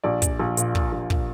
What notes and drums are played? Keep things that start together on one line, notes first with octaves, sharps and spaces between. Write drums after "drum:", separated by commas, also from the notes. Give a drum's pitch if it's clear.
A#1 D5
A#1, drum: kick, hi-hat
A#1
A#2, drum: hi-hat
A#2, drum: kick
A#1
A#2, drum: kick